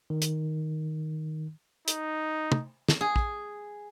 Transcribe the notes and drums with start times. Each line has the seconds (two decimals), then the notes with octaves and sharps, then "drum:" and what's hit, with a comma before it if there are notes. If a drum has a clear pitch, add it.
0.10 D#3
0.22 drum: hi-hat
1.88 D#4, drum: hi-hat
2.52 drum: tom
2.88 drum: snare
3.01 G#4
3.16 drum: kick